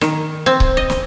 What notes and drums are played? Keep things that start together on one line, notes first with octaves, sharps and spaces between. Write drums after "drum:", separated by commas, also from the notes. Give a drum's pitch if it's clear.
D#3, drum: snare
C4
drum: kick C#1
D#5
drum: snare